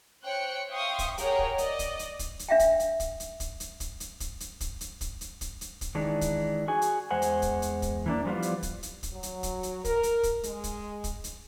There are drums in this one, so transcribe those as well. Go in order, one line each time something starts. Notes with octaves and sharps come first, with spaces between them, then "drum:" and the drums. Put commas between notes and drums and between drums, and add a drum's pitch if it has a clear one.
C5 C#5 G5 F#6 C#7
E5 F5 G5 C6 C#6 D#6
drum: kick, hi-hat
G4 G#4 A#4 C#5 F#5 G5, drum: hi-hat
drum: kick
D5 D#5, drum: hi-hat
drum: kick, hi-hat
drum: hi-hat
drum: kick, hi-hat
drum: hi-hat
D4 E5 F5 G5
drum: kick, hi-hat
drum: hi-hat
drum: kick, hi-hat
drum: hi-hat
drum: kick, hi-hat
drum: hi-hat
drum: kick, hi-hat
drum: hi-hat
drum: kick, hi-hat
drum: hi-hat
drum: kick, hi-hat
drum: hi-hat
drum: kick, hi-hat
drum: hi-hat
drum: kick, hi-hat
drum: hi-hat
drum: kick, hi-hat
D#3 E3 G#3 D4 D#4
drum: kick, hi-hat
F#4 G#4 G#5
drum: hi-hat
E2 G#3 C5 F#5 G#5
drum: hi-hat
drum: kick, hi-hat
drum: hi-hat
drum: kick, hi-hat
E3 A#3 D4
E3 F3 G3 B3 F4
drum: hi-hat
drum: kick, hi-hat
drum: hi-hat
drum: kick, hi-hat
F#3
drum: hi-hat
drum: kick, hi-hat
drum: hi-hat
A#4, drum: kick, hi-hat
drum: hi-hat
drum: kick, hi-hat
G#3, drum: hi-hat
drum: kick, hi-hat
drum: kick, hi-hat
drum: hi-hat